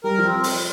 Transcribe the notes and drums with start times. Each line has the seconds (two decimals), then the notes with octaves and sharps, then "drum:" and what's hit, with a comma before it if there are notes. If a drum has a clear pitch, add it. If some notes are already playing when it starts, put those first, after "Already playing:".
0.04 G3 A#4
0.18 F3 C4
0.44 drum: open hi-hat